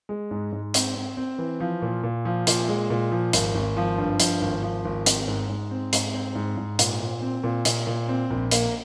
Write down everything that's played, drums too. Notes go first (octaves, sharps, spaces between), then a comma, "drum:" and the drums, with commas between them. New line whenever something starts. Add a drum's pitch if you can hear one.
G#3
G#2
G#2
C4, drum: hi-hat
C4
C4
E3
F3
A#2
A#2
F3
A#2, drum: hi-hat
G#3
A#2
F3
G#1, drum: hi-hat
G#1
F3
G2
F3, drum: hi-hat
G#1
F3
G#1
C4, drum: hi-hat
G#2
G#2
C4
G#2, drum: hi-hat
C4
G#2
G#2
A#2, drum: hi-hat
A#2
C4
A#2
A#2, drum: hi-hat
A#2
C4
A#1
A#3, drum: hi-hat